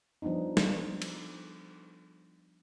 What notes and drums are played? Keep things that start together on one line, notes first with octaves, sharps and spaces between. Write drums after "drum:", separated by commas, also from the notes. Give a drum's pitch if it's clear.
F3 G3 B3 D4 D#4
drum: snare
drum: cymbal